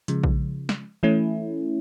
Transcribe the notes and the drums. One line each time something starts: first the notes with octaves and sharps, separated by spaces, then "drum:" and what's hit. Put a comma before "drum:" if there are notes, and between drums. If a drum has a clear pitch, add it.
C#3 F3 G#3, drum: hi-hat
drum: kick A#1
drum: snare
E3 A3 C#4 E4